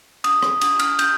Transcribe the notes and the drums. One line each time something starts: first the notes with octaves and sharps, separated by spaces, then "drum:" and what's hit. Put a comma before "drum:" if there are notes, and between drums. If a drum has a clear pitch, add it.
D#6, drum: cymbal
drum: rim click
D#6, drum: cymbal
F6, drum: cymbal
G6, drum: cymbal